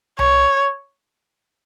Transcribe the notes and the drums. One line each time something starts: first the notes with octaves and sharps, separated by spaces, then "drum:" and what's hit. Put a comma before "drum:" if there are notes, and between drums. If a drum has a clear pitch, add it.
C#5, drum: tom C2